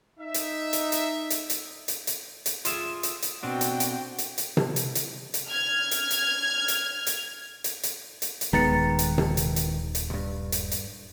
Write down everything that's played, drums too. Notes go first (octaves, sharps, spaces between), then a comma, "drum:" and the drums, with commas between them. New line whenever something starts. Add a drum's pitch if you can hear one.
D#4 E5
drum: hi-hat
drum: hi-hat
drum: hi-hat
drum: hi-hat
drum: hi-hat
drum: hi-hat
drum: hi-hat
drum: hi-hat
F4 G#4 E5, drum: hi-hat
drum: hi-hat
drum: hi-hat
B2 C4 D4 F#4 G5
drum: hi-hat
drum: hi-hat
drum: hi-hat
drum: hi-hat
drum: tom C3
drum: hi-hat
drum: hi-hat
drum: hi-hat
F6 G#6
drum: hi-hat
drum: hi-hat
drum: hi-hat
drum: hi-hat
drum: hi-hat
drum: hi-hat
drum: hi-hat
drum: hi-hat
D#1 D#3 G#3 B3 A#5 A6 C#7
drum: hi-hat
drum: tom C3
drum: hi-hat
drum: hi-hat
drum: hi-hat
C#2 G2
drum: hi-hat
drum: hi-hat